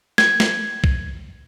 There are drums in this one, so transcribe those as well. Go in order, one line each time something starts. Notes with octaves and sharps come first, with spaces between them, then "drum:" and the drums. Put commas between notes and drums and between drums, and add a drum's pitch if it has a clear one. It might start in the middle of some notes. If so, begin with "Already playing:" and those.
G#6, drum: snare
drum: snare
drum: kick B1